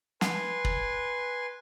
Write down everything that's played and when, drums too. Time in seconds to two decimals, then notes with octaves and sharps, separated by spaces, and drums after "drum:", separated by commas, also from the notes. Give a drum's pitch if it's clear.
0.21 B4 G#5 C6, drum: snare
0.65 drum: kick